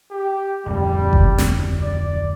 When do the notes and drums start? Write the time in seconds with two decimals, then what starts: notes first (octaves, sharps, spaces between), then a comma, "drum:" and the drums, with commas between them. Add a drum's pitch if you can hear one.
0.11 G4
0.66 D1 F2 G3 G#3
1.13 drum: kick F#1
1.38 drum: snare
1.81 D5